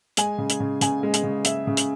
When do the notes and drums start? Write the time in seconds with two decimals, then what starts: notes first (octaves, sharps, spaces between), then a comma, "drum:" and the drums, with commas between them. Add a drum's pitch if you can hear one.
0.17 G#3 G#5, drum: hi-hat
0.38 C#3
0.50 drum: hi-hat
0.60 C#3
0.81 C#3 G#5, drum: hi-hat
1.03 G#3
1.14 G#5, drum: hi-hat
1.23 C#3
1.45 G#3 E5, drum: hi-hat
1.67 C#3
1.77 drum: hi-hat